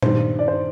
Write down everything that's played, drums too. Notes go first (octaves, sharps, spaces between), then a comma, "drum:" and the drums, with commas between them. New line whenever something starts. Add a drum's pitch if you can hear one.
G2 D#3 G3 C5, drum: tom A#2
D5
C5